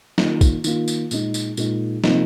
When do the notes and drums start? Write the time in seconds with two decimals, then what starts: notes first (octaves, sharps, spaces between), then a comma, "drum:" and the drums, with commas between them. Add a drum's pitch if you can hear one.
0.18 D#3 A#3 F4, drum: snare
0.41 drum: kick, tambourine
0.64 D#3 A#3 F4, drum: tambourine
0.88 drum: tambourine
1.11 A#2 G#3 D#4, drum: tambourine
1.34 drum: tambourine
1.57 A#2 G#3 D#4, drum: tambourine
2.04 C3 F3 A#3 D#4, drum: snare